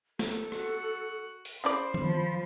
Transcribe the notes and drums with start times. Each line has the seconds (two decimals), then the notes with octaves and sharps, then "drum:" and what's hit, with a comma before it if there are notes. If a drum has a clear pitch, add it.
0.19 A4, drum: snare
0.52 F#4 F#5, drum: rim click
1.45 drum: open hi-hat
1.64 C#3 E4 C5 D5 B5 C6
1.94 drum: tom D#3
2.03 F3